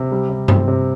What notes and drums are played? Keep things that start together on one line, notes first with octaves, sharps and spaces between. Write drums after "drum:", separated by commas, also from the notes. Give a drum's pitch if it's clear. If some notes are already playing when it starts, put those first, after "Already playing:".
Already playing: C3
G3
C3
C4, drum: tom G2
C3